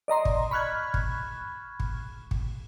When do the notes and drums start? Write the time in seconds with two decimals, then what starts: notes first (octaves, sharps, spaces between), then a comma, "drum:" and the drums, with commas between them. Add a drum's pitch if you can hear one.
0.08 D5 D#5 A#5 C6
0.25 drum: kick G#1
0.51 B5 C#6 F6 F#6 G#6
0.94 drum: kick G#1
1.80 drum: kick G#1
2.31 drum: kick G#1